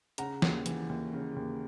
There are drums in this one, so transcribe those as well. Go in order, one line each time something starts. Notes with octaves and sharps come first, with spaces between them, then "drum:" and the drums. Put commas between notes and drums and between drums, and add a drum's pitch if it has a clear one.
C#3 F#5 A#5, drum: hi-hat
D#2, drum: snare
E3, drum: hi-hat
D#2
C#3
D#2